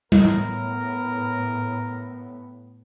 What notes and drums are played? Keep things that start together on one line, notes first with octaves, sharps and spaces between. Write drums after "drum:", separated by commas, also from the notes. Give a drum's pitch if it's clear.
A2 B3 A#4, drum: tom G3